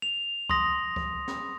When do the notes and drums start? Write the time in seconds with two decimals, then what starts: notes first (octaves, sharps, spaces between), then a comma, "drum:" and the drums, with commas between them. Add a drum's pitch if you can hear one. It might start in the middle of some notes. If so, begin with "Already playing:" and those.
0.02 F7
0.50 C6 D#6 A#6, drum: kick C#2
0.96 drum: kick C#2
1.28 drum: snare